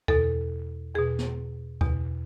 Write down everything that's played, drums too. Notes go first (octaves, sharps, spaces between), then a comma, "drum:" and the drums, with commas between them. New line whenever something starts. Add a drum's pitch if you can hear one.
E2 B2 A4, drum: kick D2
E2 B2 G#4
drum: snare
E2 B2, drum: kick D2